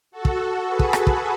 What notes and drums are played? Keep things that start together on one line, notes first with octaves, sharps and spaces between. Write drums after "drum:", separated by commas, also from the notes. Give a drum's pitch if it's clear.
F#4 A4
drum: kick
G#4 B4
drum: kick
drum: rim click
drum: kick